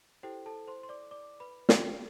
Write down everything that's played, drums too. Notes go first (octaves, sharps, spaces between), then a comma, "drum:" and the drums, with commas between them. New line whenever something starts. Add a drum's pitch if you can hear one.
E4 G4 A4 C5 G5
A4 A5
C5 C6
C6
D5 D6
D5 D6
B4 B5
G4 G5, drum: snare